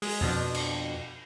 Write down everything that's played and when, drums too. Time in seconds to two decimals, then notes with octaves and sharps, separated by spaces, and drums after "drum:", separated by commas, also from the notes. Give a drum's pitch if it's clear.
0.02 G#3, drum: open hi-hat
0.21 F2 B2 F3 D4
0.54 drum: cymbal